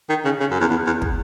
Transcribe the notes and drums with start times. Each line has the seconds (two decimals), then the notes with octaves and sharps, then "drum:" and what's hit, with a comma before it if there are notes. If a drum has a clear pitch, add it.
0.09 D#3
0.25 C#3
0.40 C#3
0.51 F#2
0.60 E2
0.70 E2
0.86 E2
1.02 drum: kick